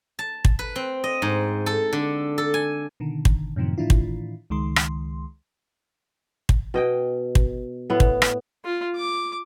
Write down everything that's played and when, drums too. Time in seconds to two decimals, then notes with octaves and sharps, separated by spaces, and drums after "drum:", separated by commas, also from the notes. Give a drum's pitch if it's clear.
0.19 A5
0.45 drum: kick
0.59 B4
0.76 C4
1.04 D#5
1.22 G#2
1.66 A4
1.93 D3
2.38 A4
2.54 G#5
3.00 B2 D3 D#3
3.25 drum: kick
3.56 F#2 A2 C3 D#3 F3
3.78 A2 D#3 E3 D4 E4 F4
3.90 drum: kick
4.50 C#2 D#3 G#3 C6
4.76 drum: rim click
6.49 drum: kick
6.74 B2 D#5 G5
7.35 drum: kick
7.90 A2 B3
8.00 drum: kick
8.22 drum: rim click
8.65 F4
8.96 D6